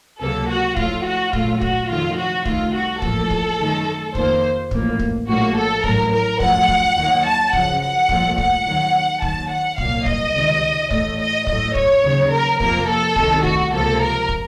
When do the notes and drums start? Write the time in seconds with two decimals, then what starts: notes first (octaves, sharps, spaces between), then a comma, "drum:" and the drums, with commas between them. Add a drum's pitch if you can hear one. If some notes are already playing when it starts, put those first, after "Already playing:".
0.21 C#2 C3 F#3 A#3 A4
0.49 F#4
0.76 A2 F3 A3 F4, drum: kick
1.05 F#4
1.33 A#1 A2 F#3 A3 F4, drum: kick
1.61 F#4, drum: kick
1.89 F2 C3 D#3 F#3 A3 F4
2.17 F#4
2.45 C2 C3 D#3 A3 F4, drum: kick
2.75 F#4
3.02 A1 A2 F3 A#3 A4, drum: kick
3.30 drum: kick
3.59 F#2 D#3 F#3 A3
4.15 F2 D#3 A#3 C5, drum: kick
4.71 A1 A2 F3 A#3, drum: kick
4.99 drum: kick
5.27 A#1 A2 F#3 A#3 F#4
5.56 A4
5.84 A1 A2 F#3 A#4, drum: kick
6.13 A#4
6.40 F#2 F3 A3 F#5, drum: kick
6.68 drum: kick
6.96 D#2 D#3 F#3 A#3
7.25 A5
7.53 F#2 C#3 F3 F#5, drum: kick
7.81 F#5
8.09 C2 A#2 F3 A3, drum: kick
8.38 F#5, drum: kick
8.65 D#2 D#3 F#3
9.22 D#2 D#3 F#3 A5, drum: kick
9.50 F#5
9.78 C2 A#2 F#3 A#3 F5, drum: kick
10.06 D#5, drum: kick
10.34 C#2 C3 D#3
10.91 A1 A2 A3 D#5, drum: kick
11.19 D#5
11.47 A2 F#3 A3 D#5, drum: kick
11.75 C#5, drum: kick
12.03 D#2 C#3 F#3
12.31 A#4
12.60 F2 C3 F3 A#3 A#4, drum: kick
12.88 A4
13.16 C2 C3 D#3 A3, drum: kick
13.44 F#4, drum: kick
13.72 C#2 C3 F3 A#3 A4
14.01 A#4
14.29 drum: kick